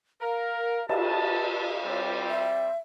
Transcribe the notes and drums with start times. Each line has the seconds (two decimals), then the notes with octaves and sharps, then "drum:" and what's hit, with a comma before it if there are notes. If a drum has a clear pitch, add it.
0.22 A#4 F5
0.89 G4 A5, drum: cymbal
1.86 G3 C4 C#5
2.27 E5